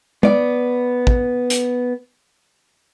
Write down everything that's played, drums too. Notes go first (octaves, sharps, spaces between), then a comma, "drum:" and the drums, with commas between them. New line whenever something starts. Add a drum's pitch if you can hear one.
B3 D5, drum: tom
drum: kick
drum: hi-hat